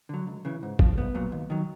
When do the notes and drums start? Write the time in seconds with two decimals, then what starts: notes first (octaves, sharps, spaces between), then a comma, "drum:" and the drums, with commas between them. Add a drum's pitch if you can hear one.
0.09 D3 F#3
0.27 C#2
0.45 C#3 E3
0.63 G#2
0.79 F3, drum: kick
0.97 C2 B3
1.15 A#2 F#3
1.32 D#2
1.50 D#3 F#3